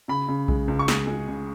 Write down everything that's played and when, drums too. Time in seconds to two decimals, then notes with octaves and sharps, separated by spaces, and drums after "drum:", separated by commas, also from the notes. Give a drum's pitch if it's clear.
0.08 C#3 B5
0.28 C#3
0.48 G#3, drum: kick B1
0.68 C#2
0.79 C#6
0.88 G#3 D#6, drum: snare
1.07 G#3
1.28 C#3